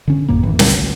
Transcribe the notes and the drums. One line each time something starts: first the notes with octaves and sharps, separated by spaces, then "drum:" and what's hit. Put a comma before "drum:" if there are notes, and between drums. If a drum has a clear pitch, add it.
D3 C#4
G#1 F2 A2 A#3
A#1 F#2 D#3 E3
D2, drum: snare
D2